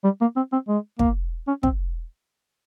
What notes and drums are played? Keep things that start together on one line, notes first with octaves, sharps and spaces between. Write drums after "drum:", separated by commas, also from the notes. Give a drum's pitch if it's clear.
G3
A#3
C4
C4
G#3
A#3, drum: kick
C#4
C4, drum: kick